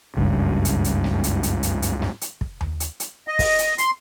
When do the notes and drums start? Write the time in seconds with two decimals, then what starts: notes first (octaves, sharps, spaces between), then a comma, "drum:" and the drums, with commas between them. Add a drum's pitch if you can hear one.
0.17 F#1 C#2 G2 C#3
0.65 drum: hi-hat
0.84 drum: hi-hat
1.04 drum: snare
1.24 drum: hi-hat
1.43 drum: hi-hat
1.63 drum: hi-hat
1.82 drum: hi-hat
2.02 drum: snare
2.21 drum: hi-hat
2.41 drum: kick
2.61 drum: tom D#2
2.80 drum: hi-hat
3.00 drum: hi-hat
3.28 D#5
3.39 drum: kick, open hi-hat
3.59 drum: hi-hat
3.78 C6, drum: hi-hat